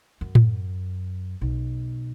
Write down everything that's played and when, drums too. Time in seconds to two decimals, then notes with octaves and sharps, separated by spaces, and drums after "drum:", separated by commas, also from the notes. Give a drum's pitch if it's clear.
0.21 F#2
0.35 drum: tom A2
1.41 B1